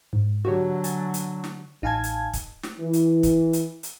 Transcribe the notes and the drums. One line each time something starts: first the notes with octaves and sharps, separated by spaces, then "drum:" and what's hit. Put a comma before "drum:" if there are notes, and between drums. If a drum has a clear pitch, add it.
G#2
D3 F#3 F#4 G4 C#5
G#5 A6, drum: hi-hat
drum: hi-hat
drum: snare
A1 D#4 F5 G#5 A5 G#6
drum: hi-hat
drum: kick, hi-hat
drum: snare
E3
drum: hi-hat
drum: kick, hi-hat
drum: hi-hat
drum: hi-hat